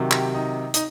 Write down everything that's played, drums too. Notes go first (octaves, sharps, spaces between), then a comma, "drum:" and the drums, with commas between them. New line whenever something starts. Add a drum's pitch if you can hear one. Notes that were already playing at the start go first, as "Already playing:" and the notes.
Already playing: C3 D#3 F#3
G4, drum: clap
D#4
D#4, drum: hi-hat